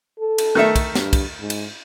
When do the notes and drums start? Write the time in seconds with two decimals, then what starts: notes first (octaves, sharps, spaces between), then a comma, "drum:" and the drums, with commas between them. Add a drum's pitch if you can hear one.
0.20 A4
0.38 drum: cymbal
0.55 D#3 A3 E5
0.76 drum: kick, cymbal
0.95 G2, drum: snare
1.13 drum: kick, cymbal
1.41 G#2
1.50 drum: cymbal